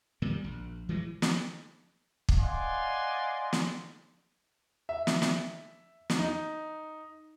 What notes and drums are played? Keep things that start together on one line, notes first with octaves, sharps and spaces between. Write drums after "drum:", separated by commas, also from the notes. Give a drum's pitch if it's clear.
A#2 D#3 G3
A#1
E3 F#3 G#3
drum: snare
drum: kick
D5 D#5 F5 F#5 G#5 C6
drum: snare
E5
drum: snare
drum: snare
drum: snare
D#4